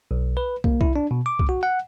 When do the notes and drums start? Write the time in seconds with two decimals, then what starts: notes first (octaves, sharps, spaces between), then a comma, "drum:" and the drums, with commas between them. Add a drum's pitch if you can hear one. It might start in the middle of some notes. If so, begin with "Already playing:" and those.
0.11 B1
0.37 B4
0.64 A#3, drum: kick
0.81 E4, drum: kick
0.96 D4
1.11 B2
1.26 D6
1.39 drum: kick
1.49 F#4
1.63 F#5